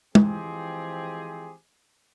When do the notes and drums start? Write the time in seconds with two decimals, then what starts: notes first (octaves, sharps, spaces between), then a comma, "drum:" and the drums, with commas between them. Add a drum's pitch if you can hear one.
0.15 E3 F3 G#3 C4 G4 G#4, drum: tom